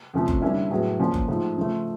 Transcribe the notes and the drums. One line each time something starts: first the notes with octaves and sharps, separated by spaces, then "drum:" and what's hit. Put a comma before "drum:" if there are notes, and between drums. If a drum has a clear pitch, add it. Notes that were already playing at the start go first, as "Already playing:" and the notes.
F2 C3 F3 A3 C#4
drum: kick F#1
D3 G3 A#3 C#4 E4
A2 F#3 B3 E4 G#4
A#2 F3 A#3 C#4 F4
drum: kick F#1
G#2 F3 A3
C#3 F3 A3